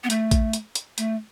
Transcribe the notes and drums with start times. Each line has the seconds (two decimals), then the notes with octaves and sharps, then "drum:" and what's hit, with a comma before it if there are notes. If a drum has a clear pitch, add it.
0.04 B3
0.10 A3, drum: hi-hat
0.31 drum: kick A1, hi-hat
0.53 drum: hi-hat
0.75 drum: hi-hat
0.98 A3, drum: hi-hat